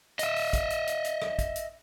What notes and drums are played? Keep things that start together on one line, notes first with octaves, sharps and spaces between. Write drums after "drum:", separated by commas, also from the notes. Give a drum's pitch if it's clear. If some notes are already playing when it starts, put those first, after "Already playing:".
D#5 E5, drum: hi-hat
drum: open hi-hat
drum: kick A1, hi-hat
drum: hi-hat
drum: hi-hat
drum: hi-hat
drum: rim click
drum: kick A1, hi-hat
drum: hi-hat